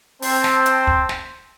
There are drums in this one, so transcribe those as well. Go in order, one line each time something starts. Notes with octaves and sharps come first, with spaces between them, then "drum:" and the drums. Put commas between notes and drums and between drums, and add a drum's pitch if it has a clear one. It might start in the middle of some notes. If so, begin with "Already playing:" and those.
C4 C5 A5, drum: open hi-hat
drum: snare
drum: hi-hat
drum: kick
drum: snare